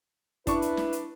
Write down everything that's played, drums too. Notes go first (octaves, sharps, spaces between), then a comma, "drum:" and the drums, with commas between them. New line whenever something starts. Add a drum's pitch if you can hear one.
D4 E4 B4 C#6, drum: kick, hi-hat
drum: hi-hat
drum: snare
drum: hi-hat